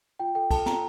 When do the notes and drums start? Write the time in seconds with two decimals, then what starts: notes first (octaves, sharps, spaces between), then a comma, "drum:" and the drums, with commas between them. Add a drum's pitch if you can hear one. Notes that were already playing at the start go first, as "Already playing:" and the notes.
0.20 F4 G5
0.35 A4 G5
0.51 A4 A5, drum: kick, cymbal
0.66 F4 A#5, drum: snare